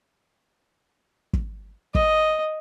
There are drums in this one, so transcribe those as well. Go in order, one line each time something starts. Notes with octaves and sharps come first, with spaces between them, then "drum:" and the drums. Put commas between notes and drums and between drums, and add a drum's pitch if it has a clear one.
drum: kick
D#5, drum: kick